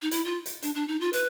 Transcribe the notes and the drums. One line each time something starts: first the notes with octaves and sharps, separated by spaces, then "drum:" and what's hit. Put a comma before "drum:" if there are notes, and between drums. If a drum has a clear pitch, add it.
D#4
E4, drum: hi-hat
F4
drum: hi-hat
D4, drum: hi-hat
D4
D#4
F4
B4, drum: hi-hat